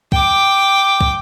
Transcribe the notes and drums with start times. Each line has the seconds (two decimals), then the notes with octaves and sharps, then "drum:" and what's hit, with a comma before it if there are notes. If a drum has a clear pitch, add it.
0.12 G5 D6, drum: kick
1.01 drum: kick